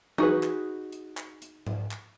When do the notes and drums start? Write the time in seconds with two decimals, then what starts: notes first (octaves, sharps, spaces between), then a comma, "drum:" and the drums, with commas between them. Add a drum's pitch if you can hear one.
0.18 D#4 F#4 G#4 B4, drum: tom
0.43 drum: clap
0.92 drum: hi-hat
1.17 drum: clap
1.42 drum: hi-hat
1.67 drum: tom G#2
1.91 drum: clap